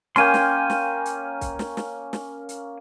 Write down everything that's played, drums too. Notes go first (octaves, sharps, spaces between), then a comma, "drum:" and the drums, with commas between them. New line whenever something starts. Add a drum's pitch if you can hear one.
A#3 C#4 G5 G#5 C6, drum: snare
drum: snare
drum: snare
drum: hi-hat
drum: kick, hi-hat
drum: snare
drum: snare
drum: snare
drum: hi-hat